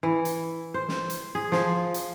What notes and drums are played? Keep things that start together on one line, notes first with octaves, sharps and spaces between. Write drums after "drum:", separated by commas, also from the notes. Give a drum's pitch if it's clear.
E3
drum: hi-hat
C5
drum: snare
drum: hi-hat
G#4
F3, drum: snare
drum: hi-hat